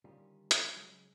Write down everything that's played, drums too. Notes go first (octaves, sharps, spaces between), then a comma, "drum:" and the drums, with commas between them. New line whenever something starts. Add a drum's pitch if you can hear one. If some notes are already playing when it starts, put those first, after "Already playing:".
D3 D#3 G3 C#4 F4
drum: hi-hat
C#3 F#3 G#3